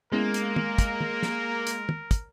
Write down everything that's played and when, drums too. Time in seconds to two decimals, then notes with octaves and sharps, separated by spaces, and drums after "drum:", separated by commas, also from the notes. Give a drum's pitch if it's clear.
0.12 G#3 A#3 B3 C#4 E4 A#4
0.34 drum: hi-hat
0.56 drum: tom
0.78 drum: kick, hi-hat
1.01 drum: tom
1.23 drum: snare
1.67 drum: hi-hat
1.89 drum: tom
2.11 drum: kick, hi-hat